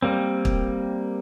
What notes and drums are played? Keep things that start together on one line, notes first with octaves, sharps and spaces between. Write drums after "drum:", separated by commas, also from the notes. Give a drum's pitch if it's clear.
G3 A#3 C4
drum: kick